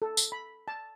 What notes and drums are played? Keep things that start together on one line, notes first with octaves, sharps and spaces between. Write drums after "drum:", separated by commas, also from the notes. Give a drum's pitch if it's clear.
A4
drum: tambourine
B5
A5